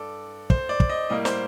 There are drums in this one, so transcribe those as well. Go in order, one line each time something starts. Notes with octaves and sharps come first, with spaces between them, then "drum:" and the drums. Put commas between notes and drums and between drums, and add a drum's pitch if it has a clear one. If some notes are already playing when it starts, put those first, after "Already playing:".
Already playing: G2 A4 D5
C5, drum: kick
D5
drum: kick
D#5
A2 G3 A#3 D#5
C5, drum: snare